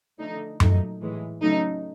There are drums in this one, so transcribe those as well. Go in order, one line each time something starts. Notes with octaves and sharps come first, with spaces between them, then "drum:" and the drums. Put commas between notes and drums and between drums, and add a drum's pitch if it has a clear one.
D3 F3 A3 D#4
A#2 F#3 A3 D#4, drum: tom F#2
A2 E3 G#3
C#3 F#3 A3 D#4